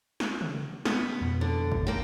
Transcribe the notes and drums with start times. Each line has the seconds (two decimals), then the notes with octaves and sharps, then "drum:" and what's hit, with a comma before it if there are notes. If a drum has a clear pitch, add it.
0.20 drum: snare
0.41 drum: tom
0.85 B3, drum: snare
1.21 F2 B2
1.41 D3
1.72 drum: kick
1.87 D#2 A#3 G5